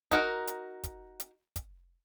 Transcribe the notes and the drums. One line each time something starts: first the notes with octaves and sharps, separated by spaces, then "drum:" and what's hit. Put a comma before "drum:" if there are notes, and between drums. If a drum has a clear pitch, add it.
D#4 F#4 A#4, drum: kick, hi-hat
drum: hi-hat
drum: kick, hi-hat
drum: hi-hat
drum: kick, hi-hat